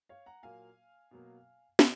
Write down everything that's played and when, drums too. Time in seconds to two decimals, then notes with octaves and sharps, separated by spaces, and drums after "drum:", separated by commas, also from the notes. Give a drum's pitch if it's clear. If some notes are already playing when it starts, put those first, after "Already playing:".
0.09 C#5 F5
0.26 F#5 A#5
0.43 A#2 F#3 A#3 F5 G#5
1.11 B2 F#3 A#3
1.79 B2 C#5 F5, drum: snare